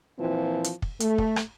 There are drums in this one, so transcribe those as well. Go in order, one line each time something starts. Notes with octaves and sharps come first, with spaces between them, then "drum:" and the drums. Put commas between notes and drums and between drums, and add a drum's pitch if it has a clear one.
A#2 E3 F3 C4
drum: hi-hat
drum: kick
A3, drum: hi-hat
drum: kick
drum: rim click